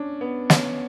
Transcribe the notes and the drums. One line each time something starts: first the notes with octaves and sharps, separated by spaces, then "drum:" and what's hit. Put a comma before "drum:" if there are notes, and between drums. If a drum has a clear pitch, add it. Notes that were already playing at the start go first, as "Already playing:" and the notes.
Already playing: C#4 D4
B3
C#4, drum: snare